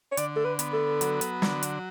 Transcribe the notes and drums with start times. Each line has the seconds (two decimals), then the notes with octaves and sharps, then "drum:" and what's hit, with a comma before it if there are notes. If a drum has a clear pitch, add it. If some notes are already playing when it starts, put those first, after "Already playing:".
0.12 C#5
0.17 D3 D5, drum: hi-hat
0.36 A4
0.45 B4
0.59 B3, drum: hi-hat
0.73 A4
1.01 F#3, drum: hi-hat
1.21 drum: hi-hat
1.42 D3, drum: snare
1.63 drum: hi-hat